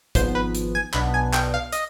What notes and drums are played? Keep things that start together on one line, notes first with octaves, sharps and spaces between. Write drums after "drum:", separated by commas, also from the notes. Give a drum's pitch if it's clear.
G#1 G#2 F3 B3 C5, drum: kick, hi-hat
B4
drum: hi-hat
G#5
B1 B2 B3 D4 B5, drum: clap
G#5
G5, drum: clap
F5
D#5, drum: hi-hat